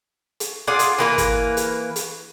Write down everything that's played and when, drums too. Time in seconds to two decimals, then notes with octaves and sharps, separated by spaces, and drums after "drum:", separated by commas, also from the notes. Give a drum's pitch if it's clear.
0.40 drum: hi-hat
0.67 F4 G#4 D5 F#5
0.79 drum: hi-hat
0.98 E3 A#3 B4
1.18 drum: kick, hi-hat
1.57 drum: hi-hat
1.96 drum: hi-hat